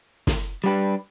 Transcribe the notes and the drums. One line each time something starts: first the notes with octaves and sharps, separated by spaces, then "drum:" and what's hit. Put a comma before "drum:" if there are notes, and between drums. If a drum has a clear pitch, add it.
drum: snare
G3 D4 G4 B4